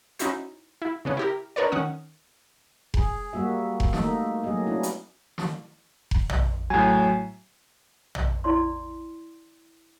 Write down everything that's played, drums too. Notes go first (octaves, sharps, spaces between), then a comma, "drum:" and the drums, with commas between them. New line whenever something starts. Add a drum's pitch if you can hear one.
C#4 D#4 E4 F#4 C5, drum: hi-hat
E4
C#3 B3 C#4
E4 G4 A#4
D4 D#4 A#4 B4 C#5 D5
D#3 C#4 F#5 D#6
G#4, drum: kick F1
G3 A#3 F#4 E5
drum: kick F1
A3 A#3 D#4 E5, drum: snare
F#3 A3 A#3 G4 G#4 D#5
B3 C#4 D4 E4
drum: hi-hat
drum: snare
drum: kick F1
drum: tom A#1
A2 F#3 G#5
drum: tom A#1
E4 D5 C6